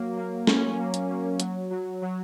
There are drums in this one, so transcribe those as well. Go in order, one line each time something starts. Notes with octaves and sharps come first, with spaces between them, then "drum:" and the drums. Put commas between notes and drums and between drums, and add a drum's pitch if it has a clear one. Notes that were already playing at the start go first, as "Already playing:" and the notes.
Already playing: F#3 A#3
A#3
C#4, drum: snare
A#3
drum: hi-hat
A#3
F#3, drum: hi-hat
F#3
F#3